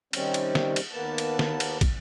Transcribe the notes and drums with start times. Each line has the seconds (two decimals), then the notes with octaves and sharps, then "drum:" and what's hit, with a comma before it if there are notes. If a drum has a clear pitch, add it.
0.13 C3 D#3 G3 C4 C#4, drum: cymbal
0.34 drum: cymbal
0.55 drum: snare
0.76 drum: cymbal
0.91 D#2 A#3 B3 A5
1.18 drum: cymbal
1.39 drum: snare
1.60 drum: cymbal
1.81 drum: kick, cymbal